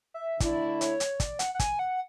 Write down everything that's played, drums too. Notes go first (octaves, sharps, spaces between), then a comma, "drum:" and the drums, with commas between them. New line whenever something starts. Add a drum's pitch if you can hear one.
E5
D3 A3 E4 D5, drum: kick, hi-hat
C#5, drum: hi-hat
drum: hi-hat
D5, drum: kick, hi-hat
F#5, drum: hi-hat
F#5
G#5, drum: kick, hi-hat
F#5